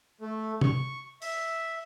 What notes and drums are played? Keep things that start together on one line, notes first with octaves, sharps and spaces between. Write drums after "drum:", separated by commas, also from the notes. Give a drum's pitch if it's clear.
A3
C#6, drum: tom
E5, drum: open hi-hat